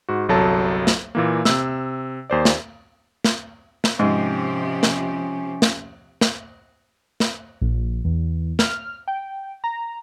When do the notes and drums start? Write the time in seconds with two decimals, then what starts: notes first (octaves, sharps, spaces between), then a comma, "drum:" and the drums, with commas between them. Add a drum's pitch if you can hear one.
0.09 G#2 F#4
0.28 G1 C2 F#3 A4 A5
0.87 drum: snare
1.15 A#2 E3 A#3
1.45 C3 E6, drum: snare
2.30 D#2 C5 D5
2.45 drum: snare
3.24 drum: snare
3.84 drum: snare
3.99 G#2 C3 F3 C#4 G4
4.83 drum: snare
5.62 drum: snare
6.21 drum: snare
7.20 drum: snare
7.61 A#1
8.05 E2
8.59 F6, drum: snare
9.08 G5
9.64 A#5